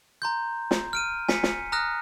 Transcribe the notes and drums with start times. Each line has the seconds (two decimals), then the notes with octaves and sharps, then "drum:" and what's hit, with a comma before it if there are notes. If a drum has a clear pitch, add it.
0.22 A#5 C6 G6
0.71 drum: snare
0.93 F6 D7 D#7
1.28 G#5 B6 C#7 D#7, drum: snare
1.43 drum: snare
1.72 A#5 D#6 F6 F#6 A#6